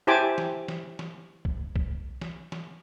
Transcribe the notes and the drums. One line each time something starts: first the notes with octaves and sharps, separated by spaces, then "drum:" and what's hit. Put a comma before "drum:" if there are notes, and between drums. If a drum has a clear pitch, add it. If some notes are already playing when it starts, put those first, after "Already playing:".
E4 G4 C5 G#5 A5 D6
drum: snare
drum: snare
drum: snare
drum: kick
drum: kick
drum: snare
drum: snare